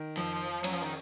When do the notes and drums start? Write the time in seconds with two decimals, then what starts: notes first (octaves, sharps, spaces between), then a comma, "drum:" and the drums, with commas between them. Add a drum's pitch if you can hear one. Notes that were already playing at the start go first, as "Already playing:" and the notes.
Already playing: D#3
0.17 F2 F3
0.64 F#3 C#4, drum: cymbal
0.73 F3
0.81 D#3